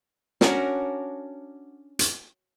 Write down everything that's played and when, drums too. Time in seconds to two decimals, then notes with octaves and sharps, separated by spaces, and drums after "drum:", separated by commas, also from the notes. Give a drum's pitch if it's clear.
0.41 C#4 D4 F#4 A#4, drum: snare
1.99 drum: hi-hat